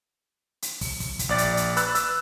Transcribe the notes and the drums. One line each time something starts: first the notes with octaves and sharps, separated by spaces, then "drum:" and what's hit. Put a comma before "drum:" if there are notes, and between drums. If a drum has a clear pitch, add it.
drum: hi-hat
drum: kick, open hi-hat
drum: kick, open hi-hat
drum: kick, hi-hat
A#1 D5 A6
drum: hi-hat
drum: hi-hat
B4 B5 E6 F#6 A6, drum: hi-hat
E6, drum: hi-hat